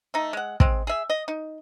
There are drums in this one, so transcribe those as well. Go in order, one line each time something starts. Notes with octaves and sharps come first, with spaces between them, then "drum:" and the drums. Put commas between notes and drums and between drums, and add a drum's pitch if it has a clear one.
A3 D#4
G#3 F#5
G#3 C4, drum: kick
G#4 E5
D#5
D#4